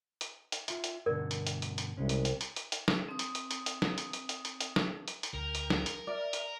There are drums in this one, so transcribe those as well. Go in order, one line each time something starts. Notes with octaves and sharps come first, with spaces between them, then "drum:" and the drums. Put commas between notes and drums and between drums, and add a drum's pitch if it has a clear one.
drum: hi-hat
drum: hi-hat
F4 E5, drum: hi-hat
drum: hi-hat
G2 B2 D3 A#4 D5
drum: hi-hat
drum: hi-hat
drum: hi-hat
drum: hi-hat
C2 G#3 C#4
drum: hi-hat
drum: hi-hat
drum: hi-hat
drum: hi-hat
drum: hi-hat
drum: snare
C4 D#6
drum: hi-hat
drum: hi-hat
drum: hi-hat
drum: hi-hat
drum: snare
drum: hi-hat
drum: hi-hat
drum: hi-hat
drum: hi-hat
drum: hi-hat
drum: snare
drum: hi-hat
drum: hi-hat
D2 A#4 G5 A#5
drum: hi-hat
drum: snare
drum: hi-hat
D5 E5 A#5 F6
drum: hi-hat